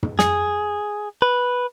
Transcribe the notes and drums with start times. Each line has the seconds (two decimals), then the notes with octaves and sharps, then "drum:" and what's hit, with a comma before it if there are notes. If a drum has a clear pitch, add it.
0.03 drum: tom
0.19 G#4, drum: snare
1.22 B4